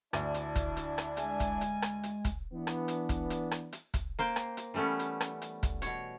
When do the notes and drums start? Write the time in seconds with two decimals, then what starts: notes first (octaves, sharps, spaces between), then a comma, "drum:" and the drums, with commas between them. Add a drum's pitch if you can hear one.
0.13 D2 D4 E4, drum: rim click
0.34 drum: hi-hat
0.55 drum: kick, hi-hat
0.77 drum: hi-hat
0.98 drum: rim click
1.17 G#3 G#5, drum: hi-hat
1.40 drum: kick, hi-hat
1.61 drum: hi-hat
1.82 drum: rim click
2.03 drum: hi-hat
2.25 drum: kick, hi-hat
2.54 E3 B3 D4
2.67 drum: rim click
2.88 drum: hi-hat
3.09 drum: kick, hi-hat
3.30 drum: hi-hat
3.51 drum: rim click
3.73 drum: hi-hat
3.94 drum: kick, hi-hat
4.19 A#3 C5 G5
4.36 drum: rim click
4.57 drum: hi-hat
4.74 E3 G3 A3 B3 C#4
4.99 drum: hi-hat
5.20 drum: rim click
5.42 drum: hi-hat
5.63 drum: kick, hi-hat
5.82 B2 C#5, drum: hi-hat